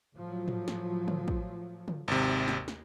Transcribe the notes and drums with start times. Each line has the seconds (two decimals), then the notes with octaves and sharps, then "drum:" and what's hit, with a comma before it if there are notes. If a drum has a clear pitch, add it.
0.16 A2 F3 F#3
0.48 drum: tom G#2
0.68 drum: snare
1.08 drum: tom
1.28 drum: kick
1.88 drum: tom
2.08 G#1 D#2 C3
2.48 drum: snare
2.68 drum: snare